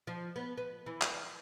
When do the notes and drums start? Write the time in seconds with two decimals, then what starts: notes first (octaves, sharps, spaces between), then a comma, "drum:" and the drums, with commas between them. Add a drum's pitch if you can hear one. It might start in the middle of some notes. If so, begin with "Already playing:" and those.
0.07 F3
0.36 B3
0.57 B4
0.86 E3
1.01 drum: clap